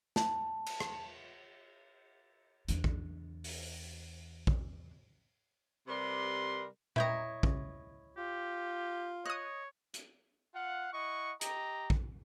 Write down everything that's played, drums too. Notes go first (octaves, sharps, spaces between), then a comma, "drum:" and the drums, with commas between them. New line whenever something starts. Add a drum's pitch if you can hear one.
A5, drum: snare
drum: cymbal
drum: rim click
E2 D4, drum: hi-hat
drum: kick
drum: open hi-hat
drum: kick
C3 G3 A#4 B4 C6
E4 B4 C#5 D#5 G5 A#5, drum: tom A#2
C#2, drum: kick
F4 G4
C#5 D#5 D#6 F#6
drum: hi-hat
F4 F5 F#5
E4 D#5 F#5 C#6
G4 D#5 A#5, drum: hi-hat
drum: kick